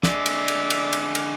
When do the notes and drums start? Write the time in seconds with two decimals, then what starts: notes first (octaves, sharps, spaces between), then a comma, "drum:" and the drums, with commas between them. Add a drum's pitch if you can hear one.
0.03 D3 G#3 D5 E5, drum: snare
0.26 drum: cymbal
0.48 drum: cymbal
0.70 drum: cymbal
0.93 drum: cymbal
1.15 drum: cymbal